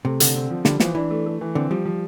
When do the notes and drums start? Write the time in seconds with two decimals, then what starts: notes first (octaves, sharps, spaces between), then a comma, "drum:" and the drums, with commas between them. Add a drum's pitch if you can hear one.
0.05 C3 A3
0.20 D3, drum: hi-hat
0.35 C4
0.50 F3
0.65 D3 G3, drum: snare
0.80 E3 F3, drum: snare
0.95 E3 D4
1.10 A3
1.26 A3
1.41 E3
1.55 D3 C4
1.71 F3 G3
1.85 F3